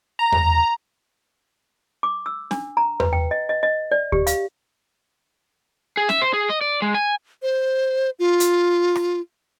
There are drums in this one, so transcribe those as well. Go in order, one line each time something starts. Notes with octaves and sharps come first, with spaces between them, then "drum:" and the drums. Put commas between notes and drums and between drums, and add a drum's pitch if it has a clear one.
A#5
drum: tom E2
D6
E6
D4, drum: snare
A#5
B4, drum: tom E2
G5
D#5
D#5
D#5
D5
G4, drum: kick D2
F5, drum: hi-hat
G#4
E5, drum: snare
C5
G#4
D#5
D5
G#3
G#5
C5
F4
drum: hi-hat
drum: rim click